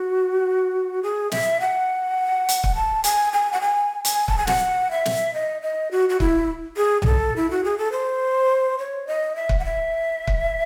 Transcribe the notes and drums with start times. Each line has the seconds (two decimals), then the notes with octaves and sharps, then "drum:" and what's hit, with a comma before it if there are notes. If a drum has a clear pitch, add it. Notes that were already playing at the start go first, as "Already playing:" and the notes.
Already playing: F#4
1.03 G#4
1.32 E5, drum: snare
1.60 F#5
2.49 drum: hi-hat
2.64 drum: kick
2.75 A5
3.04 G#5, drum: hi-hat
3.33 G#5
3.53 F#5
3.61 G#5
4.05 G#5, drum: hi-hat
4.28 A5, drum: kick
4.38 G#5
4.47 F#5, drum: snare
4.91 E5
5.05 drum: snare
5.34 D#5
5.62 D#5
5.91 F#4
6.09 F#4
6.20 E4, drum: kick
6.77 G#4
7.02 G#4, drum: tom B1
7.06 A4
7.36 E4
7.51 F#4
7.64 G#4
7.78 A4
7.92 C5
8.79 C#5
9.07 D#5
9.36 E5
9.49 drum: kick
9.59 F#5
9.65 E5
10.27 drum: kick